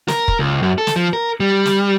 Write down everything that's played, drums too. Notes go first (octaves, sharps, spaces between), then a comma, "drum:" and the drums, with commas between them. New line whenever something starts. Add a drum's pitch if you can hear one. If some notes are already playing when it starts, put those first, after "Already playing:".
A#4, drum: snare
drum: kick
C#2
F#2
A4
drum: snare
F3
A#4
G3
drum: snare